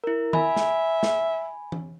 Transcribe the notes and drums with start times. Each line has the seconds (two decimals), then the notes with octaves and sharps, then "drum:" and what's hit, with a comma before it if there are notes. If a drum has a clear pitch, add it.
0.04 E4 A#4
0.33 E5 G#5 B5, drum: tom D#3
0.56 drum: snare
1.03 drum: snare
1.72 drum: tom E3